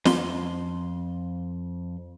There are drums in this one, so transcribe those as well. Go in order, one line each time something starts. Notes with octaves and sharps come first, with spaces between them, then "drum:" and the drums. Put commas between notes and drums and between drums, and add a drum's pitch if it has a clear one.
F2 C6, drum: snare